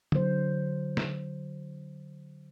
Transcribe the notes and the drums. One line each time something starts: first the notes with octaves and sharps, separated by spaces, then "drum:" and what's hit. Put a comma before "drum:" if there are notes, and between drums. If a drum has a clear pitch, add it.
D3 F#3 C5, drum: tom D3
drum: snare